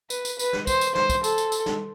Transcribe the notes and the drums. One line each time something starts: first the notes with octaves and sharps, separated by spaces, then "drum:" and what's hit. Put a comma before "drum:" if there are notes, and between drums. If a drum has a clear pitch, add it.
B4, drum: tambourine
drum: tambourine
B4, drum: tambourine
drum: snare
C5, drum: kick, tambourine
drum: tambourine
C5, drum: snare
drum: kick, tambourine
A4, drum: tambourine
drum: tambourine
drum: tambourine
drum: snare